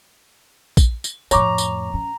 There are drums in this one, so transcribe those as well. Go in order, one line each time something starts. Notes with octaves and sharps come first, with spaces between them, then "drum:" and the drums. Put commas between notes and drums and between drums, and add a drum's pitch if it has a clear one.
drum: kick, tambourine
drum: tambourine
F2 A2 C#5 A#5 C#6 D6, drum: tambourine
drum: tambourine
C#4